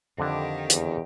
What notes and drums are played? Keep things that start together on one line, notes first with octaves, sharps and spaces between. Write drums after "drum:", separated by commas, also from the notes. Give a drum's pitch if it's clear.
F2 D3 D#3 G4 D5
E2, drum: hi-hat